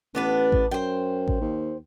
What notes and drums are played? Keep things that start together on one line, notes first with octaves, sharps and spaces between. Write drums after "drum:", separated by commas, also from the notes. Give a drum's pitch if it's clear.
A1 B3 D4 B4
drum: kick A1
F#2 C5 G5
drum: kick A1
D#2